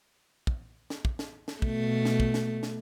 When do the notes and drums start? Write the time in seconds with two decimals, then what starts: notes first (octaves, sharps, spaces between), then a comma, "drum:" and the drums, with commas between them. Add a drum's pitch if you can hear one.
0.47 drum: kick
0.90 drum: snare
1.05 drum: kick
1.19 drum: snare
1.48 drum: snare
1.62 B2 A3, drum: kick
2.05 drum: snare
2.20 drum: kick
2.34 drum: snare
2.63 drum: snare